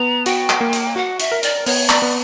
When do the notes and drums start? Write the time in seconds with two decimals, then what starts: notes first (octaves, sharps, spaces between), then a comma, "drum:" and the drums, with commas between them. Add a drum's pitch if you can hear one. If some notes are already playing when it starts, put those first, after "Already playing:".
Already playing: B3 A#5
0.26 F#4 G5, drum: hi-hat
0.50 drum: clap
0.61 A#3
0.73 drum: hi-hat
0.96 F#4 F#5
1.20 E5, drum: hi-hat
1.32 A#4
1.43 D5, drum: hi-hat
1.66 B3 C#5, drum: open hi-hat
1.89 D5, drum: clap
2.02 B3